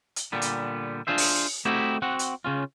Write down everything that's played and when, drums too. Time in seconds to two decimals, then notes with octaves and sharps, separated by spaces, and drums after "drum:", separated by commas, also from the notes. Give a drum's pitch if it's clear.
0.16 drum: hi-hat
0.32 A#2 D3 G3 B3
0.42 drum: hi-hat
1.07 D4 F4 G#4 C5 E5
1.18 drum: open hi-hat
1.65 A3 C4 D#4 E4 F#4 G4
2.02 C4 F#4 F#5
2.19 drum: hi-hat
2.45 C#3 C#4 F4